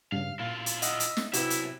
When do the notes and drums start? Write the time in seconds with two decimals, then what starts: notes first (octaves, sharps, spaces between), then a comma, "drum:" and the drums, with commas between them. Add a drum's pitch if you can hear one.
0.12 G2 C#3 F5
0.39 A#2 E4 F4 F5
0.66 drum: hi-hat
0.82 D#5 E5 F#5, drum: hi-hat
1.00 drum: hi-hat
1.17 drum: snare
1.33 B1 C3 E4 F#4 B4 E5, drum: hi-hat
1.50 drum: hi-hat